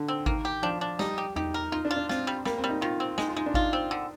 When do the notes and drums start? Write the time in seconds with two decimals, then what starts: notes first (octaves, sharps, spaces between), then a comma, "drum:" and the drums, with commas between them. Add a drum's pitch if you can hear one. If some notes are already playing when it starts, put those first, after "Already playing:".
Already playing: D3
0.08 C4
0.26 D#3 A#3, drum: kick G#1
0.45 G4
0.63 F3 D4
0.81 D4
0.99 G3 D#4, drum: snare
1.18 G4
1.36 D#4 G4, drum: tom E2
1.54 A#4
1.72 D#4 F4
1.85 D4
1.91 F4
1.96 D4
2.09 C4 F4, drum: snare
2.27 G3
2.45 G3 A#3, drum: snare
2.58 C4
2.64 G3
2.69 D#4
2.81 D#3 F4
3.00 C4
3.18 G#3 D#4, drum: snare
3.28 F4
3.36 G#3 D#4
3.46 D4
3.54 D#4 F4, drum: kick G#1
3.73 C4
3.91 D3